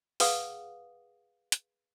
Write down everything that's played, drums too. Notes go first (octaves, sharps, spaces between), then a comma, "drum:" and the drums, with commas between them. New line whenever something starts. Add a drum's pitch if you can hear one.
G#4 B4 F5 F#5 D#6, drum: open hi-hat
drum: hi-hat